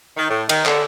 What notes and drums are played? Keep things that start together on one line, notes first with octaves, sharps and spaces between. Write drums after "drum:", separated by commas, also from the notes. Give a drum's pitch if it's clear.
D#3
A2
D#3, drum: cymbal
D3, drum: clap